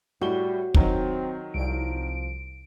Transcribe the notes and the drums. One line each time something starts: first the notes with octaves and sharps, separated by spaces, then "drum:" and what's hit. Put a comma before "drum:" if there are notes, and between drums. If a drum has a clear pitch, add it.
A2 G3 F#4 G7
D#3 F#3 C4, drum: kick
C2 F3 D7